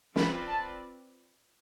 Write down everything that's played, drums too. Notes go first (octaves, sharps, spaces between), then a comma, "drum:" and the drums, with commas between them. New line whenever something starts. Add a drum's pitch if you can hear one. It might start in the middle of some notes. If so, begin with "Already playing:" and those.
C4 F4 B4 D5 B5, drum: snare
A5